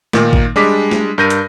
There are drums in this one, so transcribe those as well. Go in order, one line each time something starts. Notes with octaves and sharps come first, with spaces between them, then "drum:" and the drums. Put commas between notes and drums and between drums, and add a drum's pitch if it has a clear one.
A#2 D#3 A#3, drum: snare
drum: kick G#1
G3 G#3 D4 D6 B6
drum: snare
G2 A#4 G6 A#6 D#7
drum: hi-hat